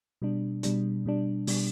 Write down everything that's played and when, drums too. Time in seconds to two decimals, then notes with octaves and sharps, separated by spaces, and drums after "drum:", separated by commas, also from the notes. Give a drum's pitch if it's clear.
0.22 B2 G3 D4
0.63 B2 G3 D4, drum: hi-hat
1.06 B2 G3 D4
1.47 B2 G3 D4, drum: open hi-hat